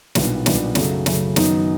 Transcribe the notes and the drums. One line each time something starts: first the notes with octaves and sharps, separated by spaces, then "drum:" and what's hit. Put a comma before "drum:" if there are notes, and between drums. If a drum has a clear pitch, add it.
B1 A#2 G3 B3 D4, drum: snare
B1 A#2 G3 B3 D4, drum: snare
F#2 C#3 F#3 A3, drum: snare
F#2 C#3 F#3 A3, drum: snare
F#2 D#3 F#3 B3 D#4, drum: snare